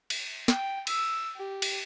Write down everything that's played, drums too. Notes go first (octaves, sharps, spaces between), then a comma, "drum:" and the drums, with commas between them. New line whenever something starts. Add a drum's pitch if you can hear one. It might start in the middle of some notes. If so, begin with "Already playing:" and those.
drum: cymbal
G5, drum: snare
E6, drum: cymbal
G4
drum: cymbal